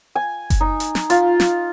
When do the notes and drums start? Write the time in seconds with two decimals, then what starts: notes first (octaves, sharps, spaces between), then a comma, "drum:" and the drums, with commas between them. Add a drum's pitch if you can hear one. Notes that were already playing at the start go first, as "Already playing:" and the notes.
0.15 G#5
0.50 drum: kick F#1, hi-hat
0.61 D#4
0.80 drum: hi-hat
0.95 drum: snare
1.10 F4, drum: hi-hat
1.40 drum: snare